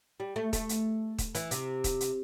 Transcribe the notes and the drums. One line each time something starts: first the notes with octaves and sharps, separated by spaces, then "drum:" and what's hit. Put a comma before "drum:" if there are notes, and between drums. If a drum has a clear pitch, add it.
G3
A3
A3, drum: kick D#1, hi-hat
drum: hi-hat
drum: kick D#1, hi-hat
E3, drum: hi-hat
C3, drum: hi-hat
drum: kick D#1, hi-hat
drum: hi-hat